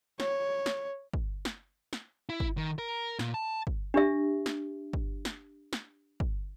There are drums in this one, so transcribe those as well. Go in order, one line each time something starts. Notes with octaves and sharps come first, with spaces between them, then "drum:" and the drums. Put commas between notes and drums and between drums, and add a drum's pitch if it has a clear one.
C#5, drum: snare
drum: snare
drum: kick
drum: snare
drum: snare
E4
drum: kick
D#3
A#4
A#2, drum: snare
A5
drum: kick
D4 G4 E5
drum: snare
drum: kick
drum: snare
drum: snare
drum: kick